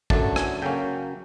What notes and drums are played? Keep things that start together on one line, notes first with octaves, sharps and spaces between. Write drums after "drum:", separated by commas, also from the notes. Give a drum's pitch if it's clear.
F#2 D3 F#3 A3 D4 A5, drum: kick
G#5, drum: rim click
C#3 F#3 A#3 C#4 G5